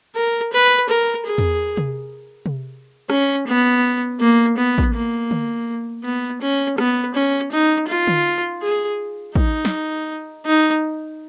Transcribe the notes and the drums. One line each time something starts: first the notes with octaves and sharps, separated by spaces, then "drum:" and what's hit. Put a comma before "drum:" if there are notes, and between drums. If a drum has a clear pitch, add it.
A#4
B4
A#4
G#4
drum: tom E2
drum: tom C3
drum: tom C3
C#4, drum: rim click
B3
A#3
B3
drum: kick
A#3
drum: tom D3
B3, drum: hi-hat
drum: hi-hat
C#4, drum: hi-hat
B3, drum: rim click
C#4
D#4
F4
drum: tom D3
G#4
D#4, drum: kick
drum: snare
D#4